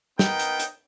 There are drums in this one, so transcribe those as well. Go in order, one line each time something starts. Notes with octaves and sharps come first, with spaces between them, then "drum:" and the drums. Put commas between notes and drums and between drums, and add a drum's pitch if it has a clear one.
B3 D#4 A#4 G5, drum: snare
drum: hi-hat
drum: hi-hat